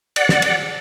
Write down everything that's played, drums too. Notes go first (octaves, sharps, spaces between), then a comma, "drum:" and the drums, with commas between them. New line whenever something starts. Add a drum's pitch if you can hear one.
D5 F#5, drum: cymbal
drum: snare
drum: cymbal